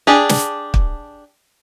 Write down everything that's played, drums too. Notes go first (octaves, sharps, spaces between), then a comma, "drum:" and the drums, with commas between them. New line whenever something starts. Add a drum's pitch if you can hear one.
D4 G4 G#4
drum: snare
drum: kick